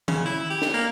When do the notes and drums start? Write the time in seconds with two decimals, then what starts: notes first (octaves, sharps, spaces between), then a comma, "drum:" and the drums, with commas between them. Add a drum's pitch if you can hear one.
0.08 C#3, drum: tom D#3
0.26 E4
0.50 G4
0.62 drum: snare
0.74 A#3